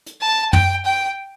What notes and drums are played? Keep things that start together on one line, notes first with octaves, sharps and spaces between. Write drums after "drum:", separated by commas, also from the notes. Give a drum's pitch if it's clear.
drum: hi-hat
A5
G5, drum: tom
G5